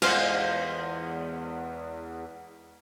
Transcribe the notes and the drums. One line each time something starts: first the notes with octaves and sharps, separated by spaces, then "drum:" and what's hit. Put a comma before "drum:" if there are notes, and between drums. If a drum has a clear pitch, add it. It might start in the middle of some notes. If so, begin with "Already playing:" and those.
E2 G#3 F4 C5 F5 F#5, drum: cymbal